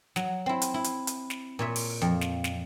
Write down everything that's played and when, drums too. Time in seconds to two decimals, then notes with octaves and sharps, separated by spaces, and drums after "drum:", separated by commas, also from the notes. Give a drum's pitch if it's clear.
0.16 F#3, drum: snare
0.46 C4 E4
0.62 drum: hi-hat
0.74 E4
0.84 drum: hi-hat
1.07 drum: hi-hat
1.30 drum: snare
1.59 A#2 C#5 E5
1.76 drum: open hi-hat
2.02 F2
2.21 drum: snare
2.44 drum: snare